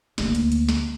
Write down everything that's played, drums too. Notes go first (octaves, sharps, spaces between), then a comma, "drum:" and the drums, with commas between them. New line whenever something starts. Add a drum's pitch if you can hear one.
D2 A#3, drum: snare
drum: hi-hat
drum: hi-hat
drum: snare